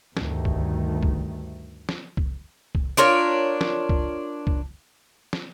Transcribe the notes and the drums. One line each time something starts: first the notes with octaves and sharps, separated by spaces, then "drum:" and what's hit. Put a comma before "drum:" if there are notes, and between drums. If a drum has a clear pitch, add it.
D2 G2 D#3 A3, drum: snare
drum: kick C2
drum: kick C2
drum: snare
drum: kick C2
drum: kick C2
D4 F4 A#4 C#5
drum: snare
drum: kick C2
drum: kick C2
drum: snare